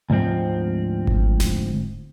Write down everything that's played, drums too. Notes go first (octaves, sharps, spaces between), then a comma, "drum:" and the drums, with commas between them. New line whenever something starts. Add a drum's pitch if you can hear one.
D2 G#2 F3 C4
drum: kick G#1
drum: snare E1